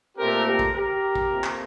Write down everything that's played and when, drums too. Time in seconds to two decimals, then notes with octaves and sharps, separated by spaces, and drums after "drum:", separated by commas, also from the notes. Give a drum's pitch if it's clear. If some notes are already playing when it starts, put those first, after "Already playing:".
0.17 A#2 A3 C4 G4 A#4
0.45 G4 A#4
0.59 drum: kick A#1
0.73 G4 A#4
1.15 drum: kick A#1
1.29 F2 C3 F3 A#3
1.44 drum: clap